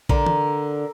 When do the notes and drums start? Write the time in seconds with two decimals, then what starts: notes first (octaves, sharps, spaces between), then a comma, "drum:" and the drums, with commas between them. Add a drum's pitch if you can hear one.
0.09 D3 A#4, drum: kick A#1
0.26 drum: tom